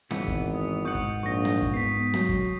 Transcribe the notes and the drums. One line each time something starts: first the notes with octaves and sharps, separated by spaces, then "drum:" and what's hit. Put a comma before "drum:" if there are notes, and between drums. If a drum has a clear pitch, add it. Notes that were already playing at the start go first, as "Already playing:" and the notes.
G#1 E3 B3, drum: snare
drum: kick
D#6
G#2 F#5 C#6 D#6 G6
drum: kick
A#1 C#6 A#6
drum: snare
drum: kick
B3 B6 C7
F#3, drum: snare
drum: kick